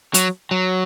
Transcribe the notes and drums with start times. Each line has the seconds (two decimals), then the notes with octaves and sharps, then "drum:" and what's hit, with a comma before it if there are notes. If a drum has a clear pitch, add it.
0.14 F#3, drum: hi-hat
0.51 F#3